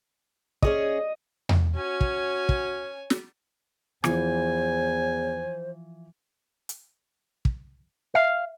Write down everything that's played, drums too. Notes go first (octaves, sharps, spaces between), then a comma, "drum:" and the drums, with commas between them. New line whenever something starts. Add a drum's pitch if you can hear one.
C#4 G#4 C#5 D#5, drum: kick
drum: tom E2
C#4 F#4 C#5 G#5
drum: kick
drum: kick
drum: snare
E2 E3 F3 C5 G#5, drum: rim click
drum: hi-hat
drum: kick
E5 F5